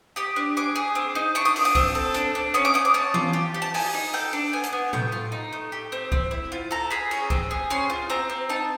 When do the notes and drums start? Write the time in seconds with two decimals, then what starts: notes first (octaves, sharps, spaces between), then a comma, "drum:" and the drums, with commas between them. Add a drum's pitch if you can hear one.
0.16 G4 D#6
0.36 D4
0.57 G#4 D6
0.75 G#4
0.95 C4
1.15 D#4
1.35 D4 C#6
1.45 D#6
1.56 D4 D6, drum: open hi-hat
1.65 D#6
1.75 C4, drum: kick
1.95 A4
2.14 D4, drum: hi-hat
2.35 D4
2.54 C#4 D#6
2.65 D6
2.74 C#4 D#6
2.85 D6
2.94 C#4 A5
3.14 F4, drum: tom E3
3.33 G4
3.54 G4
3.62 A5
3.74 D#4 G#5, drum: open hi-hat
3.94 D#4
4.13 A4 G5
4.33 D4
4.53 B3 G#5
4.63 drum: hi-hat
4.73 B3
4.93 A3 G5, drum: tom A2
5.12 F4
5.32 D#4
5.53 A3
5.72 G4
5.92 C4
6.12 C4, drum: kick
6.31 E4
6.52 F4
6.71 A4 A#5
6.90 G#4 B5
7.11 C#4, drum: cymbal
7.30 C4, drum: kick
7.51 G#4
7.70 C#4 C6
7.90 F4
8.10 C4 A#5
8.30 C4
8.50 D#4 A5